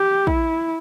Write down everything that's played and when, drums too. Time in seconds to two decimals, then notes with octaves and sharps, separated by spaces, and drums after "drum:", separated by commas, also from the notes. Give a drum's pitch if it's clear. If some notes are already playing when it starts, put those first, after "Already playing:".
Already playing: G4
0.27 E4, drum: kick